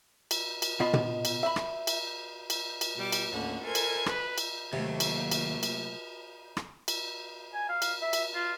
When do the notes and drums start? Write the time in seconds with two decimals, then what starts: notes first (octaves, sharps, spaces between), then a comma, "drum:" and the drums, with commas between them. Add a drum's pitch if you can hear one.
0.31 drum: cymbal
0.62 drum: cymbal
0.80 B2 F4 D#5 B5
0.93 drum: tom
1.25 drum: cymbal
1.43 E5 B5
1.56 drum: rim click
1.87 drum: cymbal
2.50 drum: cymbal
2.81 drum: cymbal
2.96 B2 G3 D6
3.12 drum: cymbal
3.31 D#2 A2 D3 C#4 F#5
3.64 A4 A#4 C5 G#5 G#6
3.75 drum: cymbal
4.06 B4, drum: rim click
4.38 drum: cymbal
4.73 D#2 C3 F#3 A3 A#3
5.00 drum: cymbal
5.31 drum: cymbal
5.63 drum: cymbal
6.57 drum: rim click
6.88 drum: cymbal
7.54 G#5
7.69 F5
7.82 drum: cymbal
8.02 E5
8.13 drum: cymbal
8.35 F4